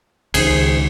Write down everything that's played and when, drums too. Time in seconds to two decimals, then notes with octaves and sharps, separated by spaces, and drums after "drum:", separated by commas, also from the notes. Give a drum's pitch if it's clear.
0.34 C#2 D#3 G#4 C5, drum: cymbal